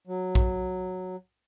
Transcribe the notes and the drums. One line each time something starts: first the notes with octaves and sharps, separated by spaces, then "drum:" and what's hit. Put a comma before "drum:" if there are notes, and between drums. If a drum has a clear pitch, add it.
F#3
drum: kick A#1